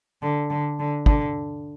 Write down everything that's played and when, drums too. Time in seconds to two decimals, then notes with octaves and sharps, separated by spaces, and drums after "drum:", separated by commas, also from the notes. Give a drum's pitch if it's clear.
0.22 D3
0.50 D3
0.79 D3
1.06 D3, drum: kick